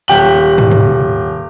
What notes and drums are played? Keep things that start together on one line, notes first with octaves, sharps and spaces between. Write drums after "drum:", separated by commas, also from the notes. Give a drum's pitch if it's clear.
D#1 G4 F#7
drum: tom
drum: tom B2